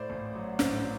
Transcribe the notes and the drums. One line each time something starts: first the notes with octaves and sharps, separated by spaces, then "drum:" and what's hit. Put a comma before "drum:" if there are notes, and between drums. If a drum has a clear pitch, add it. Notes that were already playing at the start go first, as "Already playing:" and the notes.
Already playing: A2 C5 D5
A1
F#3
A1 C5 D5, drum: snare
F#3